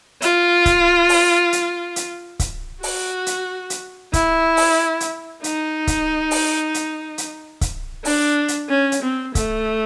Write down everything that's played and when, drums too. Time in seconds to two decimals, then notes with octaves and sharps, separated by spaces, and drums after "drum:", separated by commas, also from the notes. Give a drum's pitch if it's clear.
0.22 F4, drum: hi-hat
0.66 drum: kick C#1, hi-hat
1.09 drum: open hi-hat
1.53 drum: hi-hat
1.96 drum: hi-hat
2.39 drum: kick C#1, hi-hat
2.83 F#4, drum: open hi-hat
3.26 drum: hi-hat
3.70 drum: hi-hat
4.13 E4, drum: kick C#1, hi-hat
4.57 drum: open hi-hat
5.00 drum: hi-hat
5.44 D#4, drum: hi-hat
5.87 drum: kick C#1, hi-hat
6.31 drum: open hi-hat
6.74 drum: hi-hat
7.18 drum: hi-hat
7.61 drum: kick C#1, hi-hat
8.05 D4, drum: open hi-hat
8.48 drum: hi-hat
8.69 C#4
8.92 drum: hi-hat
9.03 C4
9.35 A3, drum: kick C#1, hi-hat